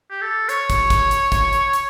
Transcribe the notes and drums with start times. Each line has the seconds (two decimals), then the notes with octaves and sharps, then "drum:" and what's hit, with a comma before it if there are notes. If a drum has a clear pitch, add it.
0.10 G4
0.21 A4
0.49 C#5, drum: hi-hat
0.70 drum: kick, hi-hat
0.90 drum: kick, hi-hat
1.11 drum: hi-hat
1.32 drum: kick, hi-hat
1.53 drum: hi-hat
1.73 drum: hi-hat